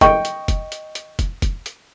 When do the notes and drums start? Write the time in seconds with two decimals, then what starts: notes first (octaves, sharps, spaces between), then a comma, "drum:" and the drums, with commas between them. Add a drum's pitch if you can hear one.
0.01 D#5 G5 C#6, drum: kick F1, hi-hat
0.25 drum: hi-hat
0.48 drum: kick F1, hi-hat
0.72 drum: hi-hat
0.95 drum: hi-hat
1.19 drum: kick F1, hi-hat
1.42 drum: kick F1, hi-hat
1.66 drum: hi-hat